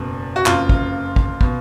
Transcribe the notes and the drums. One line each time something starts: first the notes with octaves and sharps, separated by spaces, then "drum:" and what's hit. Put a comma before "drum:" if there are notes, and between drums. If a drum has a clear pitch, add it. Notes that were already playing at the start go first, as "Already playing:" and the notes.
Already playing: F#1 E2 B2
F#4
F#1 F2 C#3 F4, drum: clap
drum: kick
drum: kick
B2, drum: kick